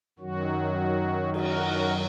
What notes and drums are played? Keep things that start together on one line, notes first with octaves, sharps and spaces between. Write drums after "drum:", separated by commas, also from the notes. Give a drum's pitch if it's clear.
F#2 D#3 F#3 F#4
F#4 A#4, drum: cymbal